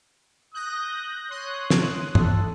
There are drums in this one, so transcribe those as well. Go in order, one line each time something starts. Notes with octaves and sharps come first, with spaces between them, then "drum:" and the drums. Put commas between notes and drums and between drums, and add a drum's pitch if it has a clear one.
D#6 F#6 G6 A#6
C#5 C6 D#6 F#6
drum: snare
A4, drum: tom G2